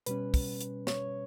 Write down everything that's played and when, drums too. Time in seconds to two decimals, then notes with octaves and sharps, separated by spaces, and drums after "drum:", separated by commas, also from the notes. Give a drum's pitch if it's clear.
0.06 B2 G3 C#4 B4, drum: hi-hat
0.34 drum: kick, open hi-hat
0.60 drum: hi-hat
0.87 C#5, drum: snare